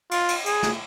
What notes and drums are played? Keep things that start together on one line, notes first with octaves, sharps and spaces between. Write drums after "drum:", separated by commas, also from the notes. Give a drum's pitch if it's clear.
F4, drum: cymbal
drum: cymbal
G#4, drum: cymbal
drum: snare